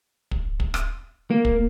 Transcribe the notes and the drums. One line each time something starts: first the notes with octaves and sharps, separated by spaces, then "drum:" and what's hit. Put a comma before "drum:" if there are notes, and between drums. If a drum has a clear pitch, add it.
drum: kick
drum: kick
drum: rim click
A#3
drum: kick